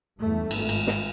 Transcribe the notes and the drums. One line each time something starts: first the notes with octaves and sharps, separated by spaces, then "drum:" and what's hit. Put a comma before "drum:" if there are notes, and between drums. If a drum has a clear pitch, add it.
E2 G2 A3
G#1, drum: cymbal
drum: cymbal
drum: snare